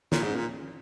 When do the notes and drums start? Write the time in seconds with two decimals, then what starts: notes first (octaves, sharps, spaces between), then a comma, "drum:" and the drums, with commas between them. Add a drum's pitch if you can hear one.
0.12 A#2, drum: snare
0.23 G#2
0.35 A#2